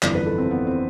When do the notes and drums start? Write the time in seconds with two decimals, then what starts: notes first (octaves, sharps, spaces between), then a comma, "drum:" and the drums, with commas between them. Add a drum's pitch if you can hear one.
0.02 G1 F2 E3 D5, drum: clap
0.15 B4
0.26 A4
0.38 C4
0.51 B3
0.67 C4